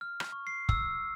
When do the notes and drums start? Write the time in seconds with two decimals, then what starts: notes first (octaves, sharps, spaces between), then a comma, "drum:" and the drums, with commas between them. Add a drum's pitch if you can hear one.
0.01 F6
0.20 drum: rim click
0.32 C#6
0.47 C7
0.69 E6, drum: kick